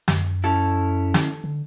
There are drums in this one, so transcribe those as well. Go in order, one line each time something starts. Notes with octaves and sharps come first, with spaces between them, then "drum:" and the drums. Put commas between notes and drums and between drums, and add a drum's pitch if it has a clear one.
F#2, drum: snare
C#4 E4 A4
drum: snare
D3